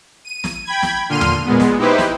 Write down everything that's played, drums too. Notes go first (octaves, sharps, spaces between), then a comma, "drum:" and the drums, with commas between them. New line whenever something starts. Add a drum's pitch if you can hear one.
D#7
drum: snare
G5 B5 G#6
drum: snare
A#2 D3 C6 F6 D#7
drum: tom E2
A#2 G#3 B3
drum: snare
D#4 E4 G4 B4 C5
drum: snare